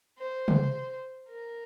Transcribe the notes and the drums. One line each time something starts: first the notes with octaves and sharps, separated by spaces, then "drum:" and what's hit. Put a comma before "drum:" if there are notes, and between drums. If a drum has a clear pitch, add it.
C5
drum: tom
A#4